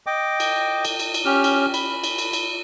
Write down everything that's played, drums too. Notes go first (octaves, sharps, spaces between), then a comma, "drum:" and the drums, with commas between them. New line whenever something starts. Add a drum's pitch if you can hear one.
D#5 G5 D6
drum: cymbal
drum: cymbal
drum: cymbal
drum: cymbal
C#4 G4 F6
drum: cymbal
B5, drum: cymbal
drum: cymbal
drum: cymbal
drum: cymbal